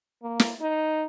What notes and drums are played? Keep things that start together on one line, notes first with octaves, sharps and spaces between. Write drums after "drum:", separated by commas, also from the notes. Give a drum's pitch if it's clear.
A#3
drum: snare
D#4